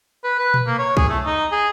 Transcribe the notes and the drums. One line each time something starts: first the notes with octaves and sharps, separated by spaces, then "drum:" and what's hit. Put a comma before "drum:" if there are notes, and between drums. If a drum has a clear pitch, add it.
B4
B4
drum: tom A#2
A#3
C#5
G#4, drum: kick
A3
D#4
G#4